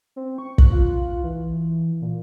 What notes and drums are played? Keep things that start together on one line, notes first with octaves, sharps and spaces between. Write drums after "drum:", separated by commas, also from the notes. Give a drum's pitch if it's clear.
C4
C#6
F#6, drum: kick
F4
E3
A#2